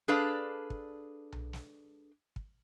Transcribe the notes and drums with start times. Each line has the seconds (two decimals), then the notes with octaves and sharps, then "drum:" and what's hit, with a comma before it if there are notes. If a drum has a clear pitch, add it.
0.08 D4 G#4 A4 B4 D5 F5
0.70 drum: kick
1.32 drum: tom B1
1.53 drum: snare
2.36 drum: kick